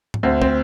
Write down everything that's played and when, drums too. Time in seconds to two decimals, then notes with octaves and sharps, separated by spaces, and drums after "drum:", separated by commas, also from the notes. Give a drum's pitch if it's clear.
0.14 drum: tom G#2
0.23 D2 C4
0.42 C4, drum: kick